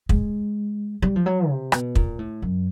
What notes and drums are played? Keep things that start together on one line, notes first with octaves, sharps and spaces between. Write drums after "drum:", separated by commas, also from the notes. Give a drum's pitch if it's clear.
G#3, drum: kick
G3
F3
F#3
C3
B2, drum: rim click
A#2, drum: kick
A2
F#2